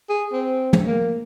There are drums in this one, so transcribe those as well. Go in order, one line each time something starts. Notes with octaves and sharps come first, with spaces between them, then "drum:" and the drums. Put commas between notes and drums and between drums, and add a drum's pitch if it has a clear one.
G#4
C4
drum: tom
A#3